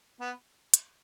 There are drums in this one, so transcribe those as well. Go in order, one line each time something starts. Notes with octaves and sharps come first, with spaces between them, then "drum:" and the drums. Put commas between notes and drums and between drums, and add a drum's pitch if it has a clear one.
B3
drum: hi-hat